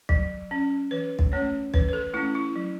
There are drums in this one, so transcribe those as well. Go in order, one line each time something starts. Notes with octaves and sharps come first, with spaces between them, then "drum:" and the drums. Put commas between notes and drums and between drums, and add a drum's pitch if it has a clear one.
F#3, drum: kick
C#4
E3 B4
drum: kick
A3 C#4 C#5
E3 B4, drum: kick
B4
A4
A3 C#4 E4
E4
F#3